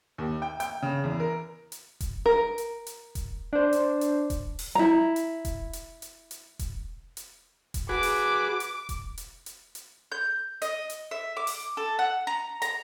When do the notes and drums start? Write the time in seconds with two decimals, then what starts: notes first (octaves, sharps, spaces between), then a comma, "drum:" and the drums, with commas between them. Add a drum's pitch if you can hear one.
0.18 D#2
0.42 G5
0.60 G5, drum: hi-hat
0.82 C#3
1.04 E2
1.20 A#4
1.72 drum: hi-hat
2.00 drum: kick E1, hi-hat
2.26 A#4
2.58 drum: hi-hat
2.87 drum: hi-hat
3.15 drum: kick E1, hi-hat
3.53 D4 C5
3.73 drum: hi-hat
4.01 drum: hi-hat
4.30 drum: kick E1, hi-hat
4.59 drum: open hi-hat
4.75 E4 A#5
5.16 drum: hi-hat
5.45 drum: kick E1, hi-hat
5.73 drum: hi-hat
6.02 drum: hi-hat
6.31 drum: hi-hat
6.59 drum: kick E1, hi-hat
7.17 drum: hi-hat
7.74 drum: kick E1, hi-hat
7.89 F#4 G#4 B4 D6
8.03 drum: open hi-hat
8.60 drum: hi-hat
8.89 drum: kick E1, hi-hat
9.18 drum: hi-hat
9.46 drum: hi-hat
9.75 drum: hi-hat
10.12 G6
10.62 D#5, drum: hi-hat
10.90 drum: hi-hat
11.11 E5
11.37 D6
11.47 drum: open hi-hat
11.77 A4
11.99 F#5
12.27 A#5
12.62 A#5, drum: hi-hat